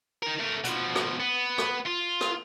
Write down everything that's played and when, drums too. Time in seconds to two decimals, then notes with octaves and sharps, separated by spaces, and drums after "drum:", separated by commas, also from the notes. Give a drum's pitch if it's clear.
0.23 D#4 A#4
0.40 A3 A#4
0.64 B2 F3, drum: hi-hat
0.96 drum: rim click
1.20 B3
1.58 drum: rim click
1.86 F4
2.21 drum: rim click